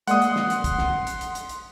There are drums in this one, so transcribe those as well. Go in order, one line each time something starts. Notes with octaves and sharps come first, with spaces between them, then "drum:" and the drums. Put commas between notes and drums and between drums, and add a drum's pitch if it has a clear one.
G#3 A#3 D5 F#5 C6 D#6, drum: hi-hat
drum: hi-hat
drum: snare
drum: hi-hat
drum: kick, hi-hat
drum: snare
drum: hi-hat
drum: hi-hat
drum: hi-hat
drum: hi-hat